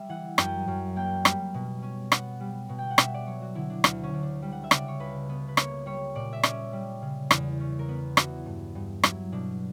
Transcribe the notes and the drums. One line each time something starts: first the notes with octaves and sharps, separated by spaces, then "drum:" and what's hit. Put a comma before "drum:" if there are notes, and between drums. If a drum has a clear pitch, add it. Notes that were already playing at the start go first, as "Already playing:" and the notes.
Already playing: G3 E5
E3 F#5
F#2 G5, drum: rim click
F#2
A#3 G5
G3, drum: rim click
B2
C#4
B3 F#5, drum: rim click
G3
B2
G5
F#5
B2 E5, drum: rim click
D5
F#3 C#5
F#4
D3 E4
D4
D2 D4, drum: rim click
C#4
D2
D4
G3
F#5
E5
C#3, drum: rim click
D5
C#5
C#2 B4
B3
B4
A#3 C#5, drum: rim click
G3 C#5
A#2 D5
E5
C#4 D5, drum: rim click
G3
C#3
E2, drum: rim click
C#4
A#4
B3 B4
E3 F#4, drum: rim click
G2
G2
F#3 E4, drum: rim click
B2 D4